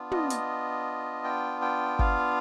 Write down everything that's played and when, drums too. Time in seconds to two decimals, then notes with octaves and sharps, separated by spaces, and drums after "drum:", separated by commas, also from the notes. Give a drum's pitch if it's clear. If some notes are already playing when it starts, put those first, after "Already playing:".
Already playing: B3 D4 F4
0.11 D#5, drum: tom
0.30 D#5, drum: hi-hat
1.24 G5
1.62 G5
1.99 F5, drum: kick G1